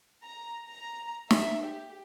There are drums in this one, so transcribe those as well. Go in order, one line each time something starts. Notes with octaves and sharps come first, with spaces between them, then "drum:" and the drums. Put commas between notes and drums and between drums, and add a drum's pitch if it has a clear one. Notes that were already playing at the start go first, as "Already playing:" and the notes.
A#5
A#5
E5, drum: snare
G4